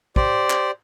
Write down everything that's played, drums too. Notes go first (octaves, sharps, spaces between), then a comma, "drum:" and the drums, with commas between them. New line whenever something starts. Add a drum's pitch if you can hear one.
G4 C5 D5, drum: kick
drum: clap